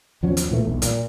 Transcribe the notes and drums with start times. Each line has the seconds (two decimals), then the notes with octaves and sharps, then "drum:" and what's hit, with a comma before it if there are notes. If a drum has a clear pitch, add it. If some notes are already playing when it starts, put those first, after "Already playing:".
0.23 E2 F3 F#3 C#4
0.37 drum: hi-hat
0.49 E1 A#2 E3 A3
0.64 E1 B1
0.82 A#2, drum: hi-hat